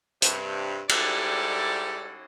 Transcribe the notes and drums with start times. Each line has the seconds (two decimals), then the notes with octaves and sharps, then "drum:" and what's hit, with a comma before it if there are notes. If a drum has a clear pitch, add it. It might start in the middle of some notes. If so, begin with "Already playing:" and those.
0.22 G2 C3, drum: hi-hat
0.89 G#2 G3 E4 G4 A4 D5, drum: cymbal